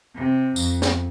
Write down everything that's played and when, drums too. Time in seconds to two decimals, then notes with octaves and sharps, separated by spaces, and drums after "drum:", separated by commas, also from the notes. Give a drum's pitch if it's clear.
0.15 C3
0.56 F2, drum: tambourine
0.82 drum: snare